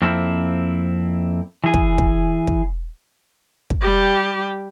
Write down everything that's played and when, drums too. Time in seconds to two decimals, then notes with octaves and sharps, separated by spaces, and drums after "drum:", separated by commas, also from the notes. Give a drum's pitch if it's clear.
0.02 F2 A#3 C4 E4
1.64 E3 G#4
1.74 drum: kick
1.98 drum: kick
2.47 drum: kick
3.70 drum: kick
3.81 G3 G4